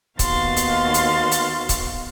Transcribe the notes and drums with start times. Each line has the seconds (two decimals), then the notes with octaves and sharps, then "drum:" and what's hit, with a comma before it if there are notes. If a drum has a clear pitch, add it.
0.19 D#2 B3 F#4 F5 C6 A6, drum: kick C#1, hi-hat
0.57 drum: hi-hat
0.94 drum: hi-hat
1.32 drum: hi-hat
1.69 drum: kick C#1, hi-hat